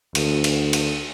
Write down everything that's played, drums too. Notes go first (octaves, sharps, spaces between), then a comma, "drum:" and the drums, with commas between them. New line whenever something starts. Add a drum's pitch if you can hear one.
D2, drum: cymbal
drum: cymbal
drum: cymbal